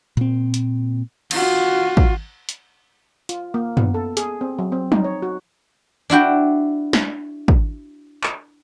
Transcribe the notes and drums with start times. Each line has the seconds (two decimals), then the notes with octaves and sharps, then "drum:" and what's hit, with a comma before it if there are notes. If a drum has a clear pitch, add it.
0.17 A#2 C4
0.54 drum: hi-hat
1.31 F4 F#4, drum: cymbal
1.97 drum: kick
2.49 drum: hi-hat
3.29 F4, drum: hi-hat
3.54 A#3
3.77 B3, drum: tom
3.94 A4
4.17 G#4, drum: hi-hat
4.41 C4
4.59 F#3
4.72 C4
4.92 D#4, drum: tom
5.04 C#5
5.22 F#4
6.10 D4 E4 F#4 G5
6.93 drum: snare
7.48 drum: kick
8.24 drum: clap